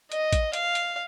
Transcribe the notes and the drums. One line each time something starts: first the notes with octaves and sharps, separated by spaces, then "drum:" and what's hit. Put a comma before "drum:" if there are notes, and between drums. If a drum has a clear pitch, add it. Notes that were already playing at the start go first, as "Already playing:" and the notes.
D#5, drum: hi-hat
drum: kick A1, hi-hat
F5, drum: hi-hat
drum: hi-hat